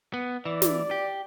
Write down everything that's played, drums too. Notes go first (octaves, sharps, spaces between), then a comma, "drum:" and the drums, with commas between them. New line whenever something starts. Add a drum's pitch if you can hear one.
B3
E3 D5
drum: snare
G4